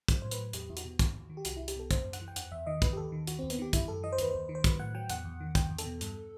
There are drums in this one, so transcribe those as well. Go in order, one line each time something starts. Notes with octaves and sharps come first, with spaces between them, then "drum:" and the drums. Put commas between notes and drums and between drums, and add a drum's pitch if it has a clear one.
F#3 C5, drum: kick, hi-hat
A2 C5
B4, drum: hi-hat
F#3
E2 G4, drum: hi-hat
E2 E4
F#4, drum: hi-hat
B2
D#2, drum: kick, hi-hat
D#2
D#3
G4
C2 F#4, drum: hi-hat
C2 E4
G4, drum: hi-hat
B2 A4
F#2 C5, drum: kick, hi-hat
F#2
F#5, drum: hi-hat
E3
G5
E2 F#5, drum: hi-hat
E2 E5
D#3 D#5
D#2 B4, drum: kick, hi-hat
G4
D#2 A4
D#3
D#2 F#4, drum: hi-hat
D#2 C4
B3, drum: hi-hat
D#3 G4
F#2 E4, drum: kick, hi-hat
F#2 A4
E3 D#5
C5
D#2 B4, drum: hi-hat
D#2 C5
D#3
C5
F#3 B4, drum: kick, hi-hat
A2 F#5
F#3 G5
E2 F#5, drum: hi-hat
E2
D#3
E2 G5, drum: kick, hi-hat
E2
A4, drum: hi-hat
B2
G2, drum: hi-hat